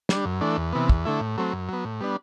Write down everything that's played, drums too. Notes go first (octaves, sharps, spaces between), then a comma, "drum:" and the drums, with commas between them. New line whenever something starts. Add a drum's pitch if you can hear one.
G3 D4, drum: snare
F#2
E3 A3 D4
E2
C3 E3 B3
E2, drum: kick
D3 A3 E4
A2
F#3 A3 C4
F#2
F#3 B3
A2
G3 B3 D4